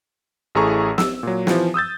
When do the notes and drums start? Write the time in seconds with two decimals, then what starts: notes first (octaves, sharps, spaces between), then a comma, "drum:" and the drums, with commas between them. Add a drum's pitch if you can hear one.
0.55 A1 A3 E4 G#4 A#5 C#6
0.98 E6, drum: snare
1.23 A#2 F#3
1.47 E3 F3, drum: snare
1.74 D#6 E6 G6 A6